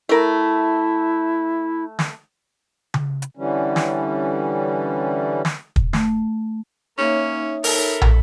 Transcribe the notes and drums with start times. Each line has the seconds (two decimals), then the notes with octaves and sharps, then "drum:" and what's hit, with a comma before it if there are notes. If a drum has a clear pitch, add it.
0.09 A3 E4 A#4
1.99 drum: snare
2.94 drum: tom C#3
3.22 drum: hi-hat
3.37 D3 E3 G3 C#4
3.76 drum: snare
5.45 drum: snare
5.76 drum: kick
5.93 A3, drum: snare
6.98 A#3 C#4 D#4 C#5 E5
7.64 A4 A#4 B5, drum: open hi-hat
8.01 drum: tom